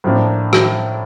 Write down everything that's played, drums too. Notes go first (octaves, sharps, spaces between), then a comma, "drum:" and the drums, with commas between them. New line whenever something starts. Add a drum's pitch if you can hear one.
A2 F3 A#3 D4
drum: rim click